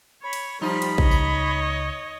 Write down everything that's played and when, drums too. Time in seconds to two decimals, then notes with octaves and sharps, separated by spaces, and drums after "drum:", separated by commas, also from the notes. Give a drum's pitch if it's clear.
0.23 C#5 B5
0.33 drum: cymbal
0.62 F3 G3 D#4 B5
0.82 drum: cymbal
0.98 C#2 C#5 D#5, drum: kick A1
1.11 drum: tambourine